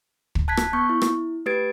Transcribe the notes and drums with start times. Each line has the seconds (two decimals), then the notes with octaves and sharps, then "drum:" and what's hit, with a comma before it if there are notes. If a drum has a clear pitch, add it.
0.35 drum: kick
0.48 A5 F#6 G#6 B6
0.57 drum: rim click
0.73 B3 C#6 G6
0.89 E4
1.02 drum: rim click
1.46 A3 G4 B4 G#6 A6 D7